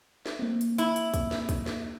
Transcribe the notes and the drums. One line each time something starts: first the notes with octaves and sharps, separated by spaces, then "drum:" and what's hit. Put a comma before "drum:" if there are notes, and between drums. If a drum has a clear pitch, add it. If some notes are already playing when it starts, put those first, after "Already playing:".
drum: snare
A#3 C4
drum: hi-hat
E4, drum: hi-hat
drum: hi-hat
drum: kick, hi-hat
drum: snare
drum: kick, hi-hat
drum: snare